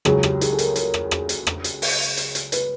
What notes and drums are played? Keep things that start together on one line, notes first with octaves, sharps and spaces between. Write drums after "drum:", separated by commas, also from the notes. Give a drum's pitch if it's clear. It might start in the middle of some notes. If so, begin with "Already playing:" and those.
C#2 C#3 F#3 G#4, drum: rim click
G4, drum: rim click
G#4, drum: hi-hat
A4
A#4, drum: hi-hat
A#4, drum: hi-hat
drum: rim click
drum: rim click
drum: hi-hat
drum: rim click
drum: hi-hat
drum: open hi-hat
drum: hi-hat
drum: hi-hat
B4, drum: hi-hat